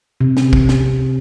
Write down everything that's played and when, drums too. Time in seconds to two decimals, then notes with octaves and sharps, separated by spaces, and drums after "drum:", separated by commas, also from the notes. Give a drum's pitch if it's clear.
0.21 C3
0.37 drum: snare
0.53 drum: kick
0.69 drum: snare